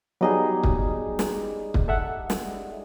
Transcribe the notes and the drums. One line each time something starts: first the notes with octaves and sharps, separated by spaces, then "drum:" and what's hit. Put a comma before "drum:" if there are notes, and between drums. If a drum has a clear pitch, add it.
F#3 G3 B3 D#4 G#4 D#5
drum: kick
drum: snare
drum: kick
A4 E5 F#5
drum: snare